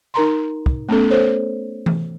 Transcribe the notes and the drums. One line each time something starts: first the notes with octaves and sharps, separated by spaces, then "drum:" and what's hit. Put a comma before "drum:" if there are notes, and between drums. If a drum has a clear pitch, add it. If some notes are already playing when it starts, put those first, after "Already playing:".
D#4 A#4 A#5 C6
drum: kick
A3 B3 C#4 A4
A4 C5 C#5
drum: tom E3